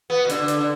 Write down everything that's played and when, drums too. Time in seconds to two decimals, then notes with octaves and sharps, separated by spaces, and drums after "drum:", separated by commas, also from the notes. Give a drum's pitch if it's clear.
0.10 B3
0.25 B2
0.29 D3, drum: hi-hat
0.48 drum: hi-hat
0.59 D3